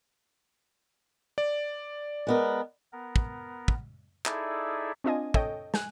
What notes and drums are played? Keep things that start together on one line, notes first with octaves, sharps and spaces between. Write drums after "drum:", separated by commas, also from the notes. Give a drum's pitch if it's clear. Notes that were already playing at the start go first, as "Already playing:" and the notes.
D5
G#3 B3 A#4
B3 A#4
drum: kick
drum: kick
D#4 E4 G#4 A4 D5 E5, drum: clap
C4 D4 F4 D#5 G#5
A4 C#5 D#5 G5, drum: kick
G#5 F#6, drum: snare